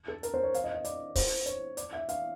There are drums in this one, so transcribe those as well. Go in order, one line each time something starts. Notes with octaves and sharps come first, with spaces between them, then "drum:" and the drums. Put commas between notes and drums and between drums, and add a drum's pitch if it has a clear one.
A4
A#4, drum: hi-hat
C5
C#5
F5, drum: hi-hat
D#5
D#5
D5, drum: hi-hat
C5, drum: kick, open hi-hat
C#5, drum: hi-hat
D5, drum: hi-hat
E5
F5, drum: hi-hat